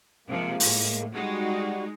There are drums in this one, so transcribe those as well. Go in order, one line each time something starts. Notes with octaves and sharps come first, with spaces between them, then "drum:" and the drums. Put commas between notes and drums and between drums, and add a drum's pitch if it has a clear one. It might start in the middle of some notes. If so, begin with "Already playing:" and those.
C3 F3 G#3 A#3
A2, drum: open hi-hat
G3 G#3 D#4 F#4